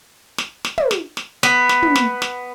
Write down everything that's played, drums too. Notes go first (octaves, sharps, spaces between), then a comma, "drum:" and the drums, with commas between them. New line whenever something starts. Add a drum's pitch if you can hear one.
drum: snare
drum: snare
drum: tom
drum: snare
drum: snare
B3, drum: snare
drum: snare
drum: tom
drum: snare
drum: snare